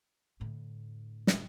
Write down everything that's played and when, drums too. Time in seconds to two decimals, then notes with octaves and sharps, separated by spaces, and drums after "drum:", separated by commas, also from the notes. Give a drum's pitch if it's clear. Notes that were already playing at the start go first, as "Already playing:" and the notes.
0.40 A2 D3
1.27 drum: snare